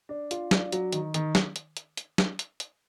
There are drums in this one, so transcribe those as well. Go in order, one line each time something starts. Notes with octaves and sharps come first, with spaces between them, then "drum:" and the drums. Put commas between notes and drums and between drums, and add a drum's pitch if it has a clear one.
D4
F4, drum: hi-hat
D4, drum: snare
F#3, drum: hi-hat
D#3, drum: hi-hat
D#3, drum: hi-hat
drum: snare
drum: hi-hat
drum: hi-hat
drum: hi-hat
drum: snare
drum: hi-hat
drum: hi-hat